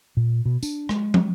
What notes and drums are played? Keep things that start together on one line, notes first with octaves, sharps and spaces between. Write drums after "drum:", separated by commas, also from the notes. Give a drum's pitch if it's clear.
A#2
B2
D4, drum: tambourine
G#3, drum: rim click
drum: tom